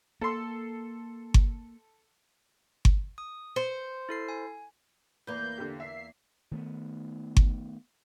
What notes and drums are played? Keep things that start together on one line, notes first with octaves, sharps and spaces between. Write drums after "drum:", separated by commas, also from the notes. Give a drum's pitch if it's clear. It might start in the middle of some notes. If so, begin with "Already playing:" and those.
A#3 A4 C6
drum: kick G1
drum: kick G1
D#6
C5 C#7
E4 A4 C7
G#5
E2 A#3 B4 G6
D3 G4
E5 C7
D#3 A3 B3
drum: kick G1